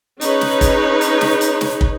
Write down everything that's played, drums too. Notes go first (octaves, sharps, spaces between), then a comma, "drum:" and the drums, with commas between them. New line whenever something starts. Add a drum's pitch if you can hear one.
C#4 D#4 G#4 B4 C#5, drum: hi-hat
drum: snare
drum: kick, hi-hat
drum: hi-hat
drum: snare
drum: hi-hat
drum: snare
drum: kick